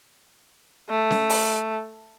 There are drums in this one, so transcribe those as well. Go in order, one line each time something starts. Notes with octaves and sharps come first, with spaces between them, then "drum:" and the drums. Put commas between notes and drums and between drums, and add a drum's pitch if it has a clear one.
A3
drum: snare C#4
drum: open hi-hat